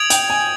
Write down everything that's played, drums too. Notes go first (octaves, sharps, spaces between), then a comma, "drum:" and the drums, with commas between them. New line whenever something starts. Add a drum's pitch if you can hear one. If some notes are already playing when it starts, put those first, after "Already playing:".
Already playing: D#6 G#6 D7 F7
G5, drum: hi-hat
G#5